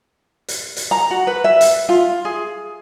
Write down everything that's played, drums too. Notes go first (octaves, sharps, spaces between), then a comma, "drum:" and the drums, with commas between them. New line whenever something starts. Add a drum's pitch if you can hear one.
drum: hi-hat
drum: hi-hat
A#5
F#4
B4
E5
drum: hi-hat
F4
G#4